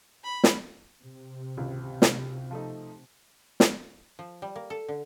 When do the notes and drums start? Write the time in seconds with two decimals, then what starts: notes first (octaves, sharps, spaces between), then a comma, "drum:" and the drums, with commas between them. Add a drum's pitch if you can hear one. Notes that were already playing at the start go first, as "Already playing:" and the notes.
0.24 B5
0.44 drum: snare
1.04 C3
1.57 G#1 C#2
2.02 drum: snare
2.51 F3 A3 D#4
3.60 drum: snare
4.19 F3
4.42 G3
4.56 A#3
4.70 A4
4.88 D3